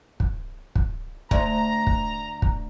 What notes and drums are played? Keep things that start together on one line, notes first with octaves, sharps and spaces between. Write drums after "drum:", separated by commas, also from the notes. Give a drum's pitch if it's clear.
drum: kick
drum: kick
D2 A#5, drum: kick
drum: kick
drum: kick